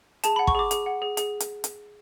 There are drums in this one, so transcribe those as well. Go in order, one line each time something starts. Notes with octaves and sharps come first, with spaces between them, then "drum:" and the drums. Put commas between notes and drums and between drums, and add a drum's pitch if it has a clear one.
G#4 A5, drum: hi-hat
F#5 B5
C#6, drum: kick
G#4 D6
G#4, drum: hi-hat
F#5
G#4
G#4, drum: hi-hat
drum: hi-hat
drum: hi-hat